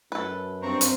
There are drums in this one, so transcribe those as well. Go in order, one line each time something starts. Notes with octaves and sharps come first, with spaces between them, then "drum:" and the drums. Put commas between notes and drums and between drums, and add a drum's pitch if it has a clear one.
F#2 A4 B4
G2 C4 A#5 C#6
drum: hi-hat